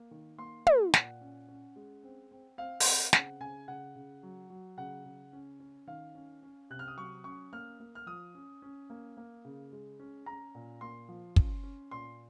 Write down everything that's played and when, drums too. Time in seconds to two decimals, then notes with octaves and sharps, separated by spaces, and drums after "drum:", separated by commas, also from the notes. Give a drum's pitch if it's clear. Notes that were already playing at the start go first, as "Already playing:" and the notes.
Already playing: A#3
0.11 D#3
0.38 A#3 C6
0.67 A#3, drum: tom
0.94 A#2 F#5, drum: snare
1.21 C#4
1.48 C#4
1.76 G#3
2.03 C4
2.31 C4
2.58 C4 F5
2.80 F5, drum: open hi-hat
2.85 C4 F#5
3.13 C#3 F#5, drum: snare
3.40 C#3 G#5
3.68 C#3 F#5
3.96 C#3
4.23 F#3
4.50 F#3
4.78 C#3 F#5
5.05 C#3
5.33 C#4
5.60 C#4
5.87 D#3 F5
6.15 C#4
6.43 C#4
6.70 C3 F#6
6.79 F6
6.88 D#6
6.97 F#3 C#6
7.24 C#4 C#6
7.53 A#3 F6
7.80 A#3
7.95 F6
8.06 F3 D#6
8.35 C#4
8.62 C#4
8.90 A#3
9.17 A#3
9.45 C#3
9.72 G#3
10.00 C#4
10.26 C#4 A#5
10.55 A#2
10.81 A#3 C6
11.09 F3
11.36 C#4, drum: kick
11.63 C#4
11.91 A#2 C6